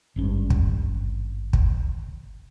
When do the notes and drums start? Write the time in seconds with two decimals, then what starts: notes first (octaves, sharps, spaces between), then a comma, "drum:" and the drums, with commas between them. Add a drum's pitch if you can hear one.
0.16 G#1 G2 C#4
0.50 drum: kick
1.53 drum: kick